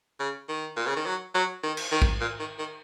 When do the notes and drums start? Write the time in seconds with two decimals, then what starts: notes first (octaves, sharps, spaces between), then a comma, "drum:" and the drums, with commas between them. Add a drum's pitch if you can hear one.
0.20 C#3
0.49 D#3
0.77 A#2
0.86 C#3
0.96 D#3
1.06 F#3
1.34 F#3
1.63 D#3
1.77 drum: cymbal
1.91 D#3
2.02 drum: kick A1
2.20 A#2
2.39 D#3
2.59 D#3